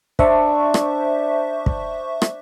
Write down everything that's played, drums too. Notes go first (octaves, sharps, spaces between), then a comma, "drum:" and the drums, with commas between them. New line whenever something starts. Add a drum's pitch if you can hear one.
D4 C5 E5 C#6, drum: kick
drum: rim click
drum: kick
drum: rim click